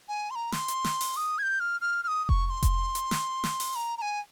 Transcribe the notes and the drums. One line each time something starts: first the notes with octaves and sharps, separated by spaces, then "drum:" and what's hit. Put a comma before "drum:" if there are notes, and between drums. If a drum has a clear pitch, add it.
G#5
C6
A#5
C6, drum: snare
drum: hi-hat
drum: snare
drum: open hi-hat
D#6
G#6
G6
F6
F6
F6
D#6
D#6
C#6, drum: kick F1
C#6
C6
drum: kick F1, hi-hat
drum: hi-hat
drum: snare
drum: snare
drum: open hi-hat
A#5
A#5
G#5